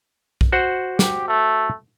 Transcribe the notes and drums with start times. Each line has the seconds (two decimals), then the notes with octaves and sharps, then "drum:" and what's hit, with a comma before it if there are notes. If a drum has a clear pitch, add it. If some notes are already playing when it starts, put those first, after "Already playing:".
0.41 drum: kick B1
0.52 F#4 C5 F#5
0.99 G4, drum: snare
1.28 A3